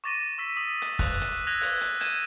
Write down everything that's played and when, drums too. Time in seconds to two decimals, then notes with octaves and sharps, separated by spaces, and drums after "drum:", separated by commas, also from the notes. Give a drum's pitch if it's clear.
0.04 C#6 D6 A6 A#6 D#7 E7
0.38 C#6 E6 B6
0.57 D#6
0.82 drum: hi-hat
0.99 F#6, drum: kick, open hi-hat
1.21 drum: hi-hat
1.47 E6 F#6 G#6 A#6 F7
1.61 drum: open hi-hat
1.81 drum: hi-hat
2.01 G6 G#6 D#7 E7, drum: hi-hat